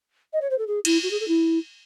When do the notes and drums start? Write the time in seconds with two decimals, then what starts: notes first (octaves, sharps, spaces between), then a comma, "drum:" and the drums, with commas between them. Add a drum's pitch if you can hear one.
0.33 D#5
0.41 C#5
0.50 C5
0.58 A4
0.67 G#4
0.85 E4, drum: cymbal
1.03 F#4
1.11 G#4
1.20 A4
1.28 E4